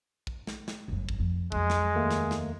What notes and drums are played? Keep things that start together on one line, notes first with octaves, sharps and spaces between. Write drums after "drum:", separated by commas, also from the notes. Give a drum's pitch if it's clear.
drum: kick
drum: snare
drum: snare
G1 F#2
drum: kick
F2
F2 F#3 G#3, drum: kick
drum: snare
D#2 A3 A#3
drum: snare
drum: snare